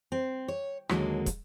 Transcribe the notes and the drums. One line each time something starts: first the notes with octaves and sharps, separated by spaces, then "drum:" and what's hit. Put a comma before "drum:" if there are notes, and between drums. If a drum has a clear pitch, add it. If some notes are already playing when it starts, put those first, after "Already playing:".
C4
C#5
D#2 D3 F#3 G#3 A#3 A4, drum: rim click
drum: kick, hi-hat